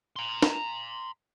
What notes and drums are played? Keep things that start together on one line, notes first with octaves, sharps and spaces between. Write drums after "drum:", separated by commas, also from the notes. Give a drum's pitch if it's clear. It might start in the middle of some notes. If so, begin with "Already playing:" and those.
A#5 C6
drum: snare